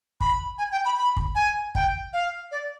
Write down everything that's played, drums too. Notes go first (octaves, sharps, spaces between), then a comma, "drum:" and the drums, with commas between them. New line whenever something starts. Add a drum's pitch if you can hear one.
B5, drum: kick
G#5
G5
B5
B5
drum: kick
G#5
G5, drum: kick
F5
D5